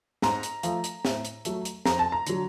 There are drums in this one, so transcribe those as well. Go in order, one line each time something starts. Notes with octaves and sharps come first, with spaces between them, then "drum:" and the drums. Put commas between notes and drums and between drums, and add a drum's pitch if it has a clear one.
G#2 A#5, drum: snare
drum: hi-hat
F3 A3, drum: hi-hat
drum: hi-hat
A2, drum: snare
drum: hi-hat
F#3 A3, drum: hi-hat
drum: hi-hat
F2 A#5, drum: snare
A5
A#5
D3 F#3, drum: hi-hat